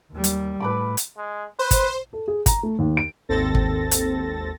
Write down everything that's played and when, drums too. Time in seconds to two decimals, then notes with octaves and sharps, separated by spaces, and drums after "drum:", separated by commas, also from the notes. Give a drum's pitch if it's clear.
0.11 D#2 G3
0.24 drum: hi-hat
0.60 A2 B4 B5 D6
0.97 drum: hi-hat
1.17 G#3
1.59 B4 C5
1.71 drum: kick, hi-hat
2.13 A4
2.28 G#4
2.46 A#5, drum: kick, hi-hat
2.63 A3
2.79 D#2
2.97 D7
3.29 G#1 D#2 C4 A4 A6 A#6
3.55 drum: kick
3.91 drum: hi-hat